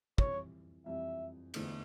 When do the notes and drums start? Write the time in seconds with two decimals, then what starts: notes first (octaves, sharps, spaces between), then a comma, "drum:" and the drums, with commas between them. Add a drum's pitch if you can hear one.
0.18 F2 E3 G3 C#5, drum: kick
0.86 F2 E3 G3 E5
1.54 E2 D3 A3 E4, drum: cymbal